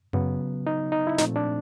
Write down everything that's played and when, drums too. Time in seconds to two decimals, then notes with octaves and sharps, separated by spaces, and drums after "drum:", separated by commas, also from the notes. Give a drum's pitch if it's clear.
0.13 C#3 F#3 B3, drum: tom F#2
0.67 D#4
0.92 D#4
1.07 E4
1.18 A#2 F3 A3 C4 D#4, drum: snare
1.36 D4